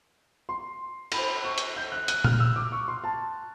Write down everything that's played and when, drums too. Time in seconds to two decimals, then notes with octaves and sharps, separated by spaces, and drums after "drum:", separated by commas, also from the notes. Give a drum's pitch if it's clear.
0.49 C6
1.12 B5, drum: cymbal
1.44 C#6
1.58 drum: hi-hat
1.76 G6
1.92 F#6
2.08 F#6, drum: hi-hat
2.24 F6, drum: tom A#2
2.40 E6
2.56 D6
2.72 C#6
2.88 C6
3.04 A5